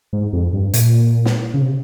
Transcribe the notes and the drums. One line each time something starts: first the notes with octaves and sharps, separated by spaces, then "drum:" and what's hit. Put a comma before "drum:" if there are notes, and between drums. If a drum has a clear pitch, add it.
G#2
F2
G2
A#2, drum: hi-hat
drum: snare
C#3
C3